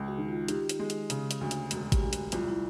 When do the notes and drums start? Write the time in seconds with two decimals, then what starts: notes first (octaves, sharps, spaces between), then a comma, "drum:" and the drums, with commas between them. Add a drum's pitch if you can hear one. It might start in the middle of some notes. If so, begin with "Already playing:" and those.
Already playing: C#2
0.08 F#4
0.18 D#3
0.29 F4
0.48 D#3 G4, drum: hi-hat
0.69 drum: hi-hat
0.79 G#3
0.90 drum: hi-hat
1.10 C#3, drum: hi-hat
1.31 drum: hi-hat
1.41 D2
1.51 drum: hi-hat
1.71 E1 F#4, drum: hi-hat
1.92 G4, drum: kick G#1, hi-hat
2.03 D2
2.13 F#4, drum: hi-hat
2.32 C2 F4, drum: hi-hat
2.48 E4